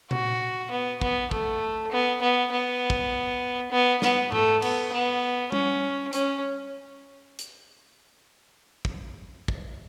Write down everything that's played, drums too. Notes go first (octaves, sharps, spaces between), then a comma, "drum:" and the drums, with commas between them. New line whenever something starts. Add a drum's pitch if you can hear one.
F#4, drum: tom A#2
B3
B3, drum: kick
A3, drum: kick
B3
B3
B3
drum: kick
B3
B3, drum: snare
A3, drum: tom G#2
B3, drum: cymbal
B3
C#4, drum: tom G3
C#4, drum: hi-hat
drum: hi-hat
drum: kick
drum: kick